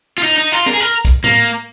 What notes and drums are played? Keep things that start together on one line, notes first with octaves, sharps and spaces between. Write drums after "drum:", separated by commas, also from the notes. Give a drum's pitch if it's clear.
F4
D#4
D#4
F4
A#4, drum: snare
G#4
A#4
drum: kick, hi-hat
A#3, drum: tom A2
drum: hi-hat